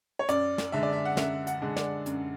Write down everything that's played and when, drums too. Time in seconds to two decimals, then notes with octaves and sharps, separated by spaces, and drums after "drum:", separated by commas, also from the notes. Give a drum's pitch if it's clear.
0.19 C#5
0.29 F#2 D5, drum: hi-hat
0.58 drum: snare
0.72 D3 G#3 D4 E5
0.83 D5
0.93 E5
1.05 F#5
1.17 F#2 E5, drum: snare
1.47 F#5, drum: hi-hat
1.62 D3 G#3 D4
1.76 D5, drum: snare
2.06 F#2, drum: hi-hat